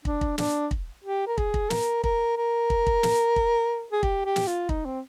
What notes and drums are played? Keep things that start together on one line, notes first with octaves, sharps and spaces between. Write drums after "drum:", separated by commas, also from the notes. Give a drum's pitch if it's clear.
D4, drum: kick
drum: kick
D4, drum: snare
drum: kick
G4
A#4
G#4, drum: kick
drum: kick
A#4, drum: snare
A#4, drum: kick
A#4
drum: kick
drum: kick
drum: snare
drum: kick
G#4
G4, drum: kick
G4
drum: snare
F4
D#4, drum: kick
C4